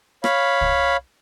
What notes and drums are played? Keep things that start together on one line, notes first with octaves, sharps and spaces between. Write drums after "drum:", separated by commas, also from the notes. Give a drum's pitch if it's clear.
C#5 F5 B5, drum: rim click
drum: kick C2